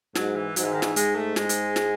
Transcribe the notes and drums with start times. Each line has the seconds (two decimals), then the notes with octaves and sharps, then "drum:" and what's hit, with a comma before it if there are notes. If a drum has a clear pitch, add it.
0.15 G#2 F#3, drum: snare
0.36 E3
0.56 G#2 F#3, drum: hi-hat
0.64 E3
0.73 D#3
0.82 E3, drum: snare
0.96 G#2 G#3, drum: hi-hat
1.16 A3
1.36 G#2 G#3, drum: snare
1.49 drum: hi-hat
1.76 drum: snare